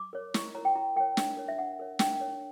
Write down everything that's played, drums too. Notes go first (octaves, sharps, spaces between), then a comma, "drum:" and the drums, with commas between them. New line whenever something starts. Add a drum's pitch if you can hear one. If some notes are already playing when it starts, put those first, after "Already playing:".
Already playing: D6
A#4 C#5
E4 C#6, drum: snare
A#4 C#5 A#5
G5
E4 A#5
A#4 C#5 G5
D4, drum: snare
A#4 C#5
E5
D4 F#5
A#4 C#5
D4 G5, drum: snare
A#4 C#5